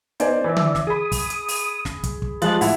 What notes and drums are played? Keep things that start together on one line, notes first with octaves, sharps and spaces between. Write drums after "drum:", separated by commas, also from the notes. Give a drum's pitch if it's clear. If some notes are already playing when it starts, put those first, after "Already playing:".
B3 D#4 C5 D5 G#5, drum: hi-hat
E3 D5 E5
drum: tom D3
drum: snare
G#4 B5 D#6
drum: kick, open hi-hat
drum: hi-hat
drum: open hi-hat
drum: snare
drum: kick, hi-hat
drum: kick
F3 G3 G#3 F#6 A6, drum: hi-hat
A2 E4 F#5, drum: open hi-hat